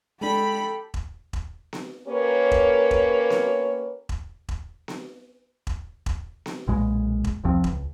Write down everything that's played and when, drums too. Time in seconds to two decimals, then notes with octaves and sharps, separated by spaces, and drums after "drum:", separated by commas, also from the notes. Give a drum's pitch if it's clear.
0.21 G#3 D4 G4 A4 B5
0.94 drum: kick E1
1.33 drum: kick E1
1.73 drum: snare B3
2.08 A#3 C#4 G4 A#4 B4 C#5
2.51 drum: kick E1
2.91 drum: kick E1
3.30 drum: snare B3
4.09 drum: kick E1
4.49 drum: kick E1
4.88 drum: snare B3
5.67 drum: kick E1
6.06 drum: kick E1
6.46 drum: snare B3
6.68 B1 A#2 G#3
7.24 drum: kick E1
7.44 E1 C2 F3 C4
7.64 C#2, drum: kick E1